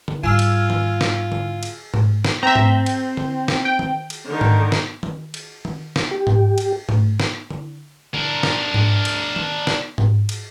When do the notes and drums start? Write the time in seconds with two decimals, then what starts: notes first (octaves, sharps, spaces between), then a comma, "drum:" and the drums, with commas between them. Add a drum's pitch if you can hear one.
0.08 drum: tom D3
0.23 G#2 G3 F4 G#5 E6 F6
0.39 drum: cymbal
0.70 drum: tom D#3
1.01 drum: snare
1.32 drum: tom D3
1.63 drum: cymbal
1.94 drum: tom G#2
2.25 drum: snare
2.43 C4 E5 A#5
2.55 drum: tom G#2
2.86 drum: cymbal
3.17 drum: tom D3
3.48 drum: snare
3.65 G5
3.79 drum: tom D#3
4.10 drum: cymbal
4.26 D3 D#3
4.41 drum: tom G#2
4.72 drum: snare
5.03 drum: tom D#3
5.34 drum: cymbal
5.65 drum: tom D#3
5.96 drum: snare
6.11 G4
6.27 drum: tom G#2
6.58 drum: cymbal
6.89 drum: tom G#2
7.20 drum: snare
7.50 drum: tom D3
8.14 D4 A#4, drum: tom D3
8.43 drum: snare
8.74 drum: tom G#2
9.05 drum: cymbal
9.36 drum: tom D#3
9.67 drum: snare
9.98 drum: tom G#2
10.29 drum: cymbal